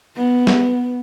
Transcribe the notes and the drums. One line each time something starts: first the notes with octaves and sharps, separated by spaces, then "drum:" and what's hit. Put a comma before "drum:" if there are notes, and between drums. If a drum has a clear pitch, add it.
B3
drum: snare